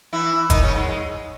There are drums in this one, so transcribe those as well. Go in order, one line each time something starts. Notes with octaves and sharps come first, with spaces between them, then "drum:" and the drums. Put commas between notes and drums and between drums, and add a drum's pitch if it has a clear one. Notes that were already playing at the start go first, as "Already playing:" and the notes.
E3 E4
D#3 D#4, drum: kick, hi-hat
C#3 C#4
G#2 G#3
G#3